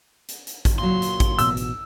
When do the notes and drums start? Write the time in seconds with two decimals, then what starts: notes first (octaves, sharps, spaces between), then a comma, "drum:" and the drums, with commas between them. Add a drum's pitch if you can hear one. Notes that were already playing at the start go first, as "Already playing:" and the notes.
0.28 drum: hi-hat
0.47 drum: hi-hat
0.65 drum: kick A1, hi-hat
0.79 A#2 F#3 C6
1.02 drum: hi-hat
1.20 drum: kick A1, hi-hat
1.39 A1 B2 E6, drum: hi-hat
1.57 drum: hi-hat